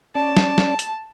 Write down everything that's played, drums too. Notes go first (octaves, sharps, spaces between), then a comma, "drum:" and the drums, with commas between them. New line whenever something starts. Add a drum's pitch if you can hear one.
C#4 D5 A5
drum: snare
drum: snare
drum: hi-hat